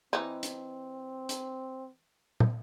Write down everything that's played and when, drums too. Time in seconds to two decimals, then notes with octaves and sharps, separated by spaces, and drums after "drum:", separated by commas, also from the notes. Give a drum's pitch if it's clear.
0.13 E3 C4 D#4
0.43 drum: hi-hat
1.29 drum: hi-hat
2.40 drum: tom